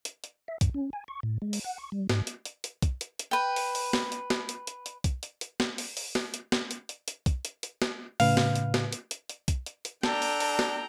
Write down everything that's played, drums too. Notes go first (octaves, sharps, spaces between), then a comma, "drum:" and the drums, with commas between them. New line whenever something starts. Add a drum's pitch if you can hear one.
drum: hi-hat
drum: hi-hat
E5
G2, drum: kick B1, hi-hat
C#4
G#5
C#6
A2
G#3
drum: open hi-hat
F#5
C#6
G3
G#2, drum: snare
drum: hi-hat
drum: hi-hat
drum: hi-hat
drum: kick B1, hi-hat
drum: hi-hat
drum: hi-hat
B4 G5
drum: open hi-hat
drum: open hi-hat
drum: snare
drum: hi-hat
drum: snare
drum: hi-hat
drum: hi-hat
drum: hi-hat
drum: kick B1, hi-hat
drum: hi-hat
drum: hi-hat
drum: snare
drum: open hi-hat
drum: open hi-hat
drum: snare
drum: hi-hat
drum: snare
drum: hi-hat
drum: hi-hat
drum: hi-hat
drum: kick B1, hi-hat
drum: hi-hat
drum: hi-hat
drum: snare
A2 C#3 B4 F5, drum: open hi-hat
drum: snare
drum: hi-hat
drum: snare
drum: hi-hat
drum: hi-hat
drum: hi-hat
drum: kick B1, hi-hat
drum: hi-hat
drum: hi-hat
D4 A4 G5 A#5, drum: snare
drum: open hi-hat
drum: open hi-hat
drum: snare